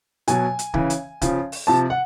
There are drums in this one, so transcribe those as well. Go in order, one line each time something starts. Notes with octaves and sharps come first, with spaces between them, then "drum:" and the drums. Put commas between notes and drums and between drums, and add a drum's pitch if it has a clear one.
B2 F#3 G#5, drum: hi-hat
drum: hi-hat
C#3 E3, drum: kick
drum: hi-hat
C#3 F3, drum: kick, hi-hat
drum: open hi-hat
C3 F3 A5
F#5